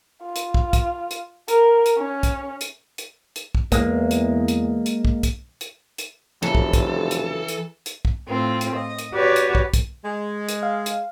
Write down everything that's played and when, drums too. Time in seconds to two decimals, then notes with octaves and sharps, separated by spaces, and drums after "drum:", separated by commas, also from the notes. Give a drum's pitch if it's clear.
0.23 F4
0.36 drum: hi-hat
0.54 drum: kick
0.73 drum: kick, hi-hat
1.11 drum: hi-hat
1.48 A#4, drum: hi-hat
1.86 drum: hi-hat
1.98 C#4
2.23 drum: kick, hi-hat
2.61 drum: hi-hat
2.98 drum: hi-hat
3.36 drum: hi-hat
3.55 drum: kick
3.72 E2 G#3 A#3, drum: kick, hi-hat
4.11 drum: hi-hat
4.48 drum: hi-hat
4.86 drum: hi-hat
5.05 drum: kick
5.23 drum: kick, hi-hat
5.61 drum: hi-hat
5.98 drum: hi-hat
6.43 F1 C#3 E3 F#3 A4
6.55 drum: kick
6.73 drum: kick, hi-hat
7.11 drum: hi-hat
7.48 drum: hi-hat
7.86 drum: hi-hat
8.05 drum: kick
8.28 A2 C4 F4
8.61 drum: hi-hat
8.76 D#5
8.99 drum: hi-hat
9.13 F#4 G4 B4 C#5 D5
9.36 drum: hi-hat
9.55 drum: kick
9.74 drum: kick, hi-hat
10.04 G#3
10.49 drum: hi-hat
10.63 F5
10.86 drum: hi-hat